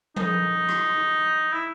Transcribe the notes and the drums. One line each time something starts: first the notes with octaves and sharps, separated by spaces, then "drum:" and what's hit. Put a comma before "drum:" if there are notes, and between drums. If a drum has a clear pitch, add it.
D#4, drum: tom F3
drum: rim click
E4